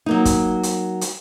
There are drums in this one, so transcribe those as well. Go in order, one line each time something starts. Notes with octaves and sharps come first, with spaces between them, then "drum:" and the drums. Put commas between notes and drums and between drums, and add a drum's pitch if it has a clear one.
F#3 A#3 D#4
drum: kick, hi-hat
drum: hi-hat
drum: hi-hat